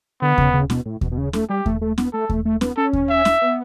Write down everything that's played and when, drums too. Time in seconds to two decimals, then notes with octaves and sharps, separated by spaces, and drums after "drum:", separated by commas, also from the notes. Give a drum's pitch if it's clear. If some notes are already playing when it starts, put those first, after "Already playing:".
0.22 D3 B3
0.38 C#3, drum: kick D#2
0.54 C#3
0.70 B2, drum: snare
0.86 A2
1.01 B2, drum: kick D#2
1.11 B2
1.18 C#3
1.33 A3, drum: snare
1.49 G3 G4
1.66 A3, drum: kick D#2
1.81 A3
1.98 B3, drum: snare
2.13 A3 A4
2.29 A3, drum: kick D#2
2.45 A3
2.61 B3, drum: snare
2.77 C#4 A4
2.93 drum: kick D#2
3.09 E5
3.25 drum: snare
3.41 B3